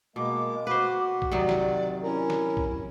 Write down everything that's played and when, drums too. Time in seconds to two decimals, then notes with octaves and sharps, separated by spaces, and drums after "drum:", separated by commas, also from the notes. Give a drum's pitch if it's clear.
0.16 B2 G#3 A#3 D6
0.67 F#4 B4 C5
1.22 drum: kick A#1
1.32 C3 D#3 F#3 D5
1.49 drum: snare
2.03 C#4 E4 A#4
2.30 drum: snare
2.57 drum: kick A#1